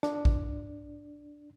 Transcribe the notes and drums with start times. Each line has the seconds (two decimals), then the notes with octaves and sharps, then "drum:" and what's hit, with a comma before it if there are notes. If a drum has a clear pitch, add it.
0.03 D4, drum: rim click
0.25 drum: kick A1